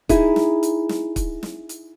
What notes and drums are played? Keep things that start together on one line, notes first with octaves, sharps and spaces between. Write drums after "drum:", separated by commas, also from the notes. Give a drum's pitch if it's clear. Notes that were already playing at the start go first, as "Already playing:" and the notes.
D#4 E4 G#4, drum: kick, hi-hat
drum: snare
drum: hi-hat
drum: snare
drum: kick, hi-hat
drum: snare
drum: hi-hat